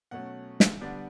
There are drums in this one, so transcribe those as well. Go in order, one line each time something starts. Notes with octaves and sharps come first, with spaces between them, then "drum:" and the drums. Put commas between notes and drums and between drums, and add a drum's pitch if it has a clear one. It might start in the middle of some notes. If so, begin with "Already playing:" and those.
B2 F#3 A3 C#4 F#5
drum: snare
D3 G3 B3 D4